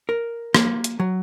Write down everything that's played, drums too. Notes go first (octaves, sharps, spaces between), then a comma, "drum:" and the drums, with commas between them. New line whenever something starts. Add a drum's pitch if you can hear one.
A#4
A#3, drum: rim click
drum: hi-hat
F#3